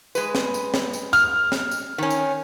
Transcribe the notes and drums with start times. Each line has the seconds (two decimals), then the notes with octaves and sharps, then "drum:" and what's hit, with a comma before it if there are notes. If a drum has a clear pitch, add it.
0.15 G#3 B4, drum: tambourine
0.35 drum: snare
0.54 drum: tambourine
0.74 drum: snare
0.93 drum: tambourine
1.13 F6, drum: tambourine
1.52 drum: snare
1.71 drum: tambourine
1.98 D#3 C#4
2.10 drum: tambourine